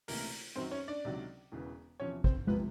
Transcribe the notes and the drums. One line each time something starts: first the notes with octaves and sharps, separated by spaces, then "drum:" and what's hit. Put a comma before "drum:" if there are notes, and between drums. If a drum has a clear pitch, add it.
C#2 C3 E3 A3 A#3 A#4, drum: open hi-hat
F#2 D#3 F#3 C4 C5
C#4 C#5
D4 D5
C#2 C3 D#3 F#3
E1 E2 C#3 E3
E2 C3 F3 C#4 C#5
C4 C5, drum: kick
C3 F3 A#3 B3 B4, drum: tom G#3